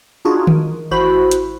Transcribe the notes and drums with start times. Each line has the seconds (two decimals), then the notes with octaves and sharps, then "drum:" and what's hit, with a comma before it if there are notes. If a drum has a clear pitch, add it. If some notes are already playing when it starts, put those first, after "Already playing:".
0.25 D4 D#4 F4 F#4 G#4
0.47 D#3, drum: tom D#3
0.91 A1 E4 F#4 C5 B5
1.31 drum: hi-hat